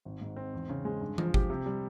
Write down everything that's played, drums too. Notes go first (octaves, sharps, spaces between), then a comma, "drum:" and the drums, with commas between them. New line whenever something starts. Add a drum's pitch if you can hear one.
G#1
G#2
C4
E2
C#3
G#3
G2
F3, drum: tom E3
G4, drum: kick G1
C3
G3